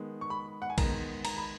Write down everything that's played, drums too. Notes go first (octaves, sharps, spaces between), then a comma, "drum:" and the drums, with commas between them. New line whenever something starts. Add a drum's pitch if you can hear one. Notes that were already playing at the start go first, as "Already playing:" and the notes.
Already playing: D#3 G#3 B3
C#6
B5
F#5
G#5
D#3 G#3 B3 A#5, drum: kick A#1, cymbal
A#5, drum: cymbal
B5